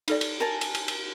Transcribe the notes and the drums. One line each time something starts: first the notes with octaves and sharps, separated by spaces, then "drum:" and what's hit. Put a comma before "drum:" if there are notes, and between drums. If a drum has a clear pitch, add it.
D#4 A4 D5, drum: cymbal
drum: cymbal
A#4 G#5 A5
drum: cymbal
drum: cymbal
drum: cymbal